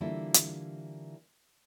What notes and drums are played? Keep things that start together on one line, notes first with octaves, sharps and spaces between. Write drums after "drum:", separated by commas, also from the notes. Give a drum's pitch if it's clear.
D3 E3 G3 A#3 E4 F4
drum: hi-hat